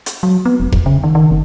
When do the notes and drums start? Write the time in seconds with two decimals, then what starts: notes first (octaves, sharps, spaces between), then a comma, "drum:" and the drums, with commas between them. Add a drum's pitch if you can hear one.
0.06 drum: hi-hat
0.23 F#3
0.46 B3
0.60 F1
0.72 F2, drum: kick F1
0.86 C#3
1.04 D#3
1.15 D#3
1.31 F#1